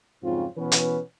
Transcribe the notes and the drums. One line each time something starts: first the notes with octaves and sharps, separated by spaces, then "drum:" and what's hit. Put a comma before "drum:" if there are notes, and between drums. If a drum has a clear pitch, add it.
F2 G#2 C#3 F#3 C4 F4
B2 E3 B3 C#4 B4
drum: hi-hat